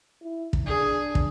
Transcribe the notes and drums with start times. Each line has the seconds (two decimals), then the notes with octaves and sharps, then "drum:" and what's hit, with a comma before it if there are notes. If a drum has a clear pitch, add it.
0.22 E4
0.53 drum: kick
0.66 D4 G#4
1.15 drum: kick